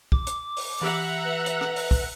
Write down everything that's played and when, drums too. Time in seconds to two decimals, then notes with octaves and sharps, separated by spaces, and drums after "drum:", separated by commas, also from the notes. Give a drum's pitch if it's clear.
0.12 D6, drum: kick
0.27 drum: hi-hat
0.57 drum: open hi-hat
0.81 E3 G4 E5 F#5 A#5 E6
1.24 B4
1.46 drum: hi-hat
1.61 drum: rim click
1.76 drum: open hi-hat
1.91 drum: kick